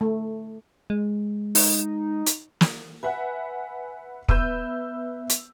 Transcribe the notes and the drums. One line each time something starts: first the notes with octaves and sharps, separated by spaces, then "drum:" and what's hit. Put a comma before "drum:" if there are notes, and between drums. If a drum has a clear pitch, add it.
A3
G#3
D#4, drum: open hi-hat
drum: hi-hat
drum: snare
B4 E5 F#5 G#5
B3 B4 E5 E6 G6, drum: kick
drum: hi-hat